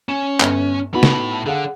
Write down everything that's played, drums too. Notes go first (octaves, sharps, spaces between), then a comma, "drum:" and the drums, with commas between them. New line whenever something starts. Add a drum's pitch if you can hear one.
C#4 E7
G1, drum: clap
A2 B3 D#4 F#4 B5
drum: snare
D3 G#4 F5 F#5